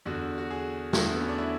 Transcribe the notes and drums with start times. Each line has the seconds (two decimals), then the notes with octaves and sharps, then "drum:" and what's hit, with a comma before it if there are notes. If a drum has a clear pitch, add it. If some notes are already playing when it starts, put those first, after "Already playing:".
0.05 E2 D3 F#4
0.38 F#4
0.50 G#4
0.93 E2 D3 F#4, drum: snare
1.03 A3
1.13 B3
1.21 C#4
1.29 D4
1.38 E4